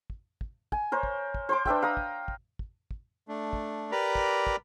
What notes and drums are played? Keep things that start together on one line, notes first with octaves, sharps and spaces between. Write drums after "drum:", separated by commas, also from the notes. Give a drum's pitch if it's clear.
drum: kick
drum: kick
G#5, drum: kick
A#4 C5 C#5
drum: kick
drum: kick
C5 C6 D6
D4 B4 E5 G5, drum: kick
F5 A#5 D#6
drum: kick
drum: kick
drum: kick
drum: kick
A3 D4
drum: kick
G4 A#4 B4 D5 A#5 B5
drum: kick
drum: kick